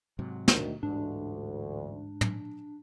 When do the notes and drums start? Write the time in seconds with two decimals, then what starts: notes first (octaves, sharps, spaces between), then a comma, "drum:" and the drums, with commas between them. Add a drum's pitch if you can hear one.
0.19 G#2 C3 F#3
0.48 D2 D#3, drum: snare
0.83 A1 D2 G#2 D4
2.21 drum: tom